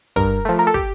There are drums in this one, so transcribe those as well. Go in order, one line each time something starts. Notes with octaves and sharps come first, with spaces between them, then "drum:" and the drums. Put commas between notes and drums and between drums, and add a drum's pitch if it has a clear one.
G2 A#4, drum: kick
F3 A3
A#4
A4
G4, drum: kick